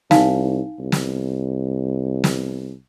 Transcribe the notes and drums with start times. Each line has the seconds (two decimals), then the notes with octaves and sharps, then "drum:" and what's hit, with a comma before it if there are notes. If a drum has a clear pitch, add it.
0.11 C2 D#4 F5 G#5, drum: snare
0.79 C2
0.92 drum: snare
2.24 drum: snare